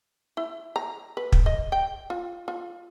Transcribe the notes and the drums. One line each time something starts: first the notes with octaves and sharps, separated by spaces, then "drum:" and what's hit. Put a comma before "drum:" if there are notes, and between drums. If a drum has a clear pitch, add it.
E4
A#5
B4
drum: kick
D#5
G5
F4
F4